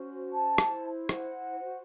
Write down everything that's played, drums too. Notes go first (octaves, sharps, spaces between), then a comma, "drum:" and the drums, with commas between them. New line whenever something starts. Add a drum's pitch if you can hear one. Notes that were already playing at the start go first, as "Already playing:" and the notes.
Already playing: C#4 F#4 C5
A5
E4 C5, drum: rim click
F#5, drum: rim click
F#4 C5